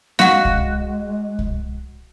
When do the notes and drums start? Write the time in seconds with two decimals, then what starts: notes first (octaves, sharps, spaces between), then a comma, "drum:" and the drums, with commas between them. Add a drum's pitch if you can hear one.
0.19 G#3 F#4 F5 F#5, drum: snare
0.45 drum: kick C2
1.39 drum: kick C2